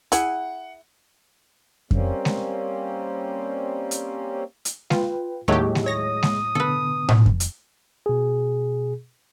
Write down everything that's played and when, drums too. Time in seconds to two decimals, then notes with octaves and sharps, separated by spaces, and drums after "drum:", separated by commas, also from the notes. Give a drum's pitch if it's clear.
0.12 E4 G#4 F#5, drum: hi-hat
1.91 G3 A#3 C4 C#4, drum: kick F2
2.25 drum: snare G#3
3.91 drum: hi-hat
4.65 drum: hi-hat
4.90 F4 B4 G5, drum: snare G#3
5.48 D#2 A2 F#3 G#3 A3 G4 G#4 D#5
5.75 drum: snare G#3
5.86 C#5 D#6 A#6
6.23 drum: snare G#3
6.55 B2 D3 B3 A4 B4
7.09 drum: tom A2
7.26 drum: kick F2
7.40 drum: hi-hat
8.06 B2 G#4